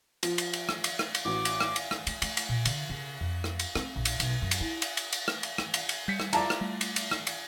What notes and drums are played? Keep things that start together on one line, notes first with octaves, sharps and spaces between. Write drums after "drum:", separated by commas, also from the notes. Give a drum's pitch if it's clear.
F3, drum: cymbal
drum: cymbal
drum: cymbal
drum: rim click
drum: cymbal
drum: rim click
drum: cymbal
A1 F#4 D6
drum: cymbal
drum: rim click
drum: cymbal
drum: rim click
A3, drum: cymbal
A3, drum: cymbal
drum: cymbal
A#2
D3, drum: cymbal
C#3
F2
drum: rim click
drum: cymbal
C4, drum: rim click
A#1
drum: cymbal
B1, drum: cymbal
F#2
drum: cymbal
E4
drum: cymbal
drum: cymbal
drum: cymbal
drum: rim click
drum: cymbal
drum: rim click
drum: cymbal
drum: cymbal
G3 G6 B6 C#7
drum: rim click
E4 F4 D5 A5 A#5, drum: cymbal
drum: rim click
G3 A3
drum: cymbal
drum: cymbal
drum: rim click
drum: cymbal